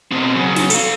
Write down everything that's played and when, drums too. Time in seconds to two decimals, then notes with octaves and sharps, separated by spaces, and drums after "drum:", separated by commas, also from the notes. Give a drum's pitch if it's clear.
0.11 B2 C4
0.35 C#3 F#3
0.56 drum: snare
0.70 A4 F5, drum: hi-hat